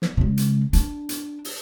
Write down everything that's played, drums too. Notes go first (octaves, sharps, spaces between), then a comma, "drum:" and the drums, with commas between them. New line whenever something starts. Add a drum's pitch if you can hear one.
drum: snare
C#3 G#3
drum: hi-hat
D4, drum: hi-hat
drum: hi-hat
drum: open hi-hat